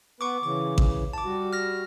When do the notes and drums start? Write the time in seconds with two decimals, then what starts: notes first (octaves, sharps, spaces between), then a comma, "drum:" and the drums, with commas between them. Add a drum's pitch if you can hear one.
0.21 B3 B4 C#6 D6
0.43 C#3 E3 D6
0.78 drum: kick A1
1.13 A5 D6
1.25 G3 F#4
1.53 F6 A#6